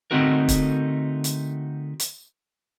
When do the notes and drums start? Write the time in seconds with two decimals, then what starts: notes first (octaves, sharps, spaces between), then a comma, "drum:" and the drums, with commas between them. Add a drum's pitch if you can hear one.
0.11 D3 A3 C4 D#4 F#4 A#4
0.49 drum: kick, hi-hat
1.24 drum: hi-hat
2.00 drum: hi-hat